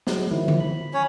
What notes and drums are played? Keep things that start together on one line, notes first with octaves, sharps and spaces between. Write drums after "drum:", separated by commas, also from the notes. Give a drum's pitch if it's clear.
F#3 G#3, drum: snare
D#3 F3 E4
drum: tom D3
B5
C#4 C#5